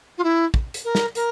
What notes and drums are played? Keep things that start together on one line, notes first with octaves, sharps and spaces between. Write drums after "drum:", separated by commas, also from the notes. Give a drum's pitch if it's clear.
F4
E4
drum: kick
drum: hi-hat
A#4
drum: snare
A#4, drum: hi-hat